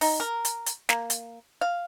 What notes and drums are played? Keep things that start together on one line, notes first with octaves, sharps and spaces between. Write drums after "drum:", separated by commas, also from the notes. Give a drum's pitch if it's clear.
D#4, drum: open hi-hat
A#4
drum: hi-hat
drum: hi-hat
A#3, drum: snare
drum: hi-hat
F5